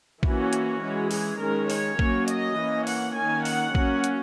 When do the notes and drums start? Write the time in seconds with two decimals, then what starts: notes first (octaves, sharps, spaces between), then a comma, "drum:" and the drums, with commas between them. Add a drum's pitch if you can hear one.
0.23 E3 A#3 C#4 F#4, drum: kick
0.53 drum: hi-hat
0.81 E3 G#3 C#4
1.11 G#4, drum: open hi-hat
1.40 D#3 G#3 C#4 A#4
1.70 C#5, drum: open hi-hat
1.99 F#3 A#3 C#4, drum: kick
2.28 D#5, drum: hi-hat
2.57 E3 A#3 C#4
2.87 F#5, drum: open hi-hat
3.16 D#3 A#3 C#4 G#5
3.45 F#5, drum: open hi-hat
3.75 F#3 A#3 C#4, drum: kick
4.04 drum: hi-hat